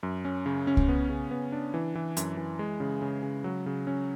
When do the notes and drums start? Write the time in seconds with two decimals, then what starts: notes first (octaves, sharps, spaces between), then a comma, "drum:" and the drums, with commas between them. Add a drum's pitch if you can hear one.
0.03 F#2
0.25 C#4
0.46 C#3
0.67 C#4
0.77 drum: kick C2
0.88 B3
1.09 C#3
1.31 B3
1.52 D4
1.74 E3
1.95 E3
2.17 F#2, drum: hi-hat
2.37 E3
2.59 G#3
2.80 C#3
3.02 C#3
3.23 C#3
3.44 F#3
3.66 C#3
3.87 C#4